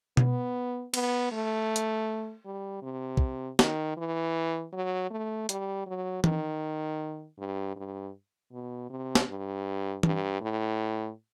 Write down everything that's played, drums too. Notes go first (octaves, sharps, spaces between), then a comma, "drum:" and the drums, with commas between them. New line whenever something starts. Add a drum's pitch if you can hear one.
B3, drum: tom B2
B3, drum: cymbal
A3
drum: hi-hat
G3
C3
drum: kick
D#3, drum: snare
E3
F#3
A3
G3, drum: hi-hat
F#3
D#3, drum: tom E3
G2
G2
B2
C3
drum: snare
G2
G2, drum: tom E3
A2